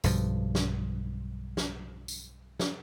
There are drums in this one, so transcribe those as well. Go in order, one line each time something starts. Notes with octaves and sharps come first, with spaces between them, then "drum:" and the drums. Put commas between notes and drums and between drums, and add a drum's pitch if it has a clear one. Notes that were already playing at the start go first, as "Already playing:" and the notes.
B1 G2 F3, drum: tambourine
drum: snare
drum: snare
drum: tambourine
drum: snare